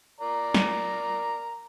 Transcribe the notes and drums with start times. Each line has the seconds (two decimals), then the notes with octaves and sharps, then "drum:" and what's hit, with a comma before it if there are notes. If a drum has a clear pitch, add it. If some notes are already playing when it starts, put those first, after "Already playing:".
0.21 A#4 D5 A#5
0.54 drum: snare